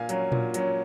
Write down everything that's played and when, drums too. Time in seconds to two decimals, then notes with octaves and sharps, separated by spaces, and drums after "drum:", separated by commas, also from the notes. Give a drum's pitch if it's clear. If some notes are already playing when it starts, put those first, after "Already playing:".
Already playing: A#2 F5 G#5
0.09 F#3 C#4, drum: hi-hat
0.32 A#2, drum: tom A#2
0.54 F#3 C#4, drum: hi-hat